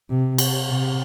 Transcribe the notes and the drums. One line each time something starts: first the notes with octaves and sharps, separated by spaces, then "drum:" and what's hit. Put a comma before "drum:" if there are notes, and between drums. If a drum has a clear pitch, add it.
C3
drum: cymbal
C3